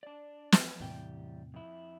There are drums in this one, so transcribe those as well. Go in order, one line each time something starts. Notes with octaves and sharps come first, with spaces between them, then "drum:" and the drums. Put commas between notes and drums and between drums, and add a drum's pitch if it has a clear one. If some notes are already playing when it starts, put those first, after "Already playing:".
D4 D5
drum: snare
E2 A2 C3 E3 G3 G5
F2 E4